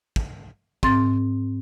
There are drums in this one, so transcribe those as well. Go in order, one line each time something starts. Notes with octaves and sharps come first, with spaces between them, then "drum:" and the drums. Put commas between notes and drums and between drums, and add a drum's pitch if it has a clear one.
drum: kick
G#2 C4 C6 A6, drum: kick